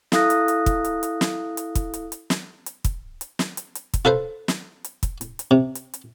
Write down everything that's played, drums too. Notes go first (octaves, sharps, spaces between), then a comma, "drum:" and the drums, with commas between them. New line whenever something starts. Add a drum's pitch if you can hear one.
E4 A4 F5 D#6 F#6 A#6, drum: snare
drum: hi-hat
drum: hi-hat
drum: kick, hi-hat
drum: hi-hat
drum: hi-hat
drum: snare
drum: hi-hat
drum: kick, hi-hat
drum: hi-hat
drum: hi-hat
drum: snare
drum: hi-hat
drum: kick, hi-hat
drum: hi-hat
drum: snare
drum: hi-hat
drum: hi-hat
drum: kick, hi-hat
F4 A4 B4 C5
drum: snare
drum: hi-hat
drum: kick, hi-hat
drum: hi-hat
drum: hi-hat
C3
drum: hi-hat
drum: hi-hat